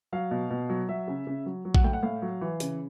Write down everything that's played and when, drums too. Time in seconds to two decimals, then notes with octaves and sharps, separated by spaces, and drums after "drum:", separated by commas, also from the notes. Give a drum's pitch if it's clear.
0.13 F#3 F5
0.31 B2
0.50 B2
0.70 F#3
0.89 F#3 E5
1.08 C#3
1.27 C#3
1.46 F#3
1.65 F#3
1.75 F#5, drum: kick A#1
1.84 A2 G5
1.93 F#5
2.03 A2 F5
2.22 F#3
2.41 E3
2.60 C#3, drum: hi-hat